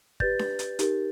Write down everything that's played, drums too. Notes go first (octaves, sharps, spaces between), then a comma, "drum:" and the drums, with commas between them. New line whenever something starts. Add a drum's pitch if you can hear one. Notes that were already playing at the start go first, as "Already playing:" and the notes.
G4 B4 D5 G6 A6, drum: kick G1
drum: snare D4
drum: hi-hat
D#4 G4 A#4, drum: hi-hat